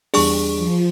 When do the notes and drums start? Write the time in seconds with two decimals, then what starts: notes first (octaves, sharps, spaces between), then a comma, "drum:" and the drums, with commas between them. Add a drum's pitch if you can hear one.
0.14 E2 G3 D4 G#4 C#6, drum: open hi-hat
0.56 F3